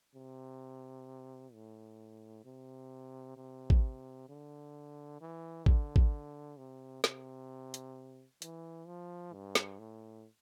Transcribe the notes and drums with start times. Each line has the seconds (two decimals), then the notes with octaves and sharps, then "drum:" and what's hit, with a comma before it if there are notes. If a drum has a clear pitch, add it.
0.15 C3
1.53 A2
2.45 C3
3.37 C3
3.70 drum: kick
4.29 D3
5.21 E3
5.66 D3, drum: kick
5.96 drum: kick
6.57 C3
7.04 C3, drum: snare
7.74 drum: hi-hat
8.42 E3, drum: hi-hat
8.87 F3
9.33 G2
9.55 drum: snare
9.79 A2